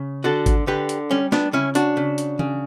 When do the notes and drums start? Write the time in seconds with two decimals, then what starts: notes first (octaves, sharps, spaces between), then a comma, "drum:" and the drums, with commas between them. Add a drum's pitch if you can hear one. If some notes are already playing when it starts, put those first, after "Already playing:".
Already playing: C#3
0.24 D3 F#4 A4
0.46 drum: kick G#1, hi-hat
0.67 D3 G4 B4
0.89 drum: hi-hat
1.11 G3 C#4
1.32 B3 D4, drum: snare
1.53 C#3 C#4 E4
1.75 D4 F#4, drum: hi-hat
1.97 C#3
2.18 drum: hi-hat
2.39 C#3, drum: tom